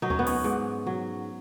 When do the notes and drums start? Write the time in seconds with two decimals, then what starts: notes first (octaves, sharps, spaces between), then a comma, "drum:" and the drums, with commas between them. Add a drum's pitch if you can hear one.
0.02 F#3 D#4
0.10 C#4, drum: tom D2
0.19 B3
0.27 C#4, drum: open hi-hat
0.44 G#2
0.87 F#3